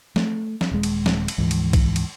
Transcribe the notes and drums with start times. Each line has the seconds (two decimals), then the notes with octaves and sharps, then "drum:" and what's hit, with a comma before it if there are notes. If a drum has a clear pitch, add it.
0.16 A3, drum: snare
0.61 drum: snare
0.71 D#1 G#3
0.83 drum: cymbal
1.06 drum: snare
1.28 drum: cymbal
1.38 D2 G#2 E3 F3
1.51 drum: cymbal
1.73 drum: kick B1, cymbal
1.96 drum: cymbal